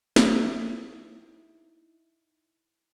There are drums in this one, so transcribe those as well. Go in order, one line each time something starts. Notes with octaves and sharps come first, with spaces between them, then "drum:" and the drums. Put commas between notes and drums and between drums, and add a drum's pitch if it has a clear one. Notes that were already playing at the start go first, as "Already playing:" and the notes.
D#4 E4, drum: snare